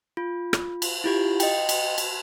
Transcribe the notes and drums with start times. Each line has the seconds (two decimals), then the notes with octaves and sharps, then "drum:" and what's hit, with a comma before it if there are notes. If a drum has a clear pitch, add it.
0.17 F4
0.53 drum: rim click
0.82 drum: cymbal
1.04 E4 F4 G4
1.40 D#5 G5, drum: cymbal
1.69 drum: cymbal
1.98 drum: cymbal